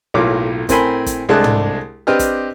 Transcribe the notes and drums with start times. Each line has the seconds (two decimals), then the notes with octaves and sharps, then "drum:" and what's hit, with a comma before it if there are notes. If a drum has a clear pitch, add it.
0.14 B1 A2 F#3 A#3 F4 D6
0.69 A2 C4 A#4 G#5 B5 C6, drum: kick, hi-hat
1.06 drum: kick, hi-hat
1.29 C2 G#3 A3 D4 A5 F#6
1.44 drum: tom
2.07 C4 D4 G4 B4 D#5 F6
2.19 drum: kick, hi-hat